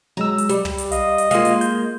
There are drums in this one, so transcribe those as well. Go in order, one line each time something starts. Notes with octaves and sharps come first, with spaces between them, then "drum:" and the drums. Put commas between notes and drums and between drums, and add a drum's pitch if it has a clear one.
F#3 G#3 A#5 E6
drum: hi-hat
G3 G4, drum: hi-hat
drum: tom
drum: hi-hat
D#5 F5, drum: hi-hat
drum: hi-hat
G#3 A#3 F4 F5, drum: hi-hat
drum: hi-hat
G6, drum: hi-hat